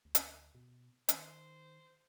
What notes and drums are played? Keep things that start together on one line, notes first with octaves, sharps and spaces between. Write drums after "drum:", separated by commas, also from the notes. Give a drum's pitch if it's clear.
D2
drum: hi-hat
B2
D#3 C5, drum: hi-hat